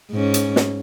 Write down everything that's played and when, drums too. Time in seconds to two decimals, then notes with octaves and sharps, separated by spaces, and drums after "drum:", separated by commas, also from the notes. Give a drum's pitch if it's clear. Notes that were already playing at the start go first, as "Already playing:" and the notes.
0.12 G#2 C#4
0.34 drum: hi-hat
0.56 drum: snare